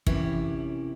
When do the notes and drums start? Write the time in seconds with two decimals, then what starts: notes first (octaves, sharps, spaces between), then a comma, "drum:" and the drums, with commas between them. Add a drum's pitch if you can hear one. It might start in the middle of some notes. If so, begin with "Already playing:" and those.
0.07 F#2 C3 E3 C#4 E4 G4, drum: kick